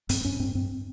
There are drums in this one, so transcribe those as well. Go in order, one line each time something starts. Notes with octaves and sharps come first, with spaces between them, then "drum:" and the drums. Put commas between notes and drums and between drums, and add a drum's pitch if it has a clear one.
G2 C4, drum: hi-hat
G2 C#4
G2 C4
G2 C4